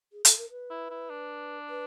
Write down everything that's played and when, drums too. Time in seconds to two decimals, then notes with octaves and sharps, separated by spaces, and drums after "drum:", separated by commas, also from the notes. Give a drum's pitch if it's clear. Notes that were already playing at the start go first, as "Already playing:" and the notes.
0.13 G#4
0.25 A4, drum: hi-hat
0.38 A#4
0.50 B4
0.70 E4
0.90 E4
1.10 D4
1.69 B4